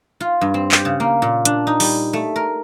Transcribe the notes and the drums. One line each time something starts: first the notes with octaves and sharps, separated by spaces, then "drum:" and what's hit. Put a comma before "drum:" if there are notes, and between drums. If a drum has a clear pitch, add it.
F4
G2
C4
G4, drum: clap
C#3
A#3
A#2
D4, drum: hi-hat
D#4
G3, drum: open hi-hat
A3
A#4